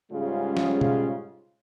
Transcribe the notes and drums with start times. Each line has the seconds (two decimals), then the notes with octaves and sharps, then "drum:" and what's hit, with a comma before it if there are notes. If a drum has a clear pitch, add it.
0.12 G#2 C#3 G3 G#3 C#4 F4
0.57 drum: snare
0.81 drum: tom B2